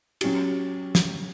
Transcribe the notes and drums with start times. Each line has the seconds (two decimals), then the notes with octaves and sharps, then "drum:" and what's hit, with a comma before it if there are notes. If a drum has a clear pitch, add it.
0.21 F#3 C#4 G4, drum: cymbal
0.95 drum: snare